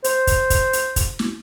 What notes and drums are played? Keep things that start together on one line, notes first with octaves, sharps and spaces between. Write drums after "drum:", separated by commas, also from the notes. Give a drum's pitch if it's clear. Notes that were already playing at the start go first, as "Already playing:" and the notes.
C5, drum: hi-hat
drum: kick, hi-hat
drum: kick, hi-hat
drum: hi-hat
drum: kick, hi-hat
drum: snare